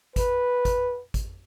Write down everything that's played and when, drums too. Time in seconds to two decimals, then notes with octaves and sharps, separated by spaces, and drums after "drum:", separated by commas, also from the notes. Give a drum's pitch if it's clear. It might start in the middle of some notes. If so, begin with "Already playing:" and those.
0.16 B4, drum: kick G#1, hi-hat
0.65 drum: kick G#1, hi-hat
1.14 drum: kick G#1, hi-hat